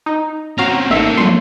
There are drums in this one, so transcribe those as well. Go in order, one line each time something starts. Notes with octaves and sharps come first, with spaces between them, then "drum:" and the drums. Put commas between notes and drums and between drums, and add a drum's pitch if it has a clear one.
D#4
C4 C#4 F#4 F5 A#5
A1 D#3 A#3 A4 E5
C6, drum: tom